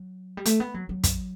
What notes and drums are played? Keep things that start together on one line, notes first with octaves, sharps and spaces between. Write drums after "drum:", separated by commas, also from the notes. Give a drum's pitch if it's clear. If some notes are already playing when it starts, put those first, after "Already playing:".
Already playing: F#3
G3
A3, drum: hi-hat
B3
F#3
F#3
drum: kick, hi-hat